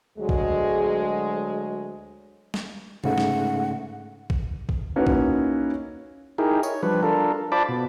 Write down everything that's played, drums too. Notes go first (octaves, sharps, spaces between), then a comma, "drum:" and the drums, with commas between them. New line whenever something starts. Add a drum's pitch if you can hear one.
D2 F#3 G#3
drum: kick A#1
drum: snare
G#2 C#3 A3 F#5, drum: tom C3
drum: snare
drum: kick A#1
drum: kick A#1
A#3 C#4 D#4 E4 F#4 B4
drum: kick A#1
D#4 E4 G4 G#4 A#4
C#5, drum: tambourine
F3 G3 D4 B4
D4 F4 A4 A#4
F4 C5 D5 A5 B5 D6
B2